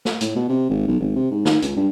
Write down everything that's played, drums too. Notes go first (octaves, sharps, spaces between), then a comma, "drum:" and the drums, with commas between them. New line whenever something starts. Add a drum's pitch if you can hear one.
drum: snare
A2, drum: hi-hat
B2
C3
G#1
B1
G#1
C3
G#2
D#3, drum: snare
C#2, drum: hi-hat
G2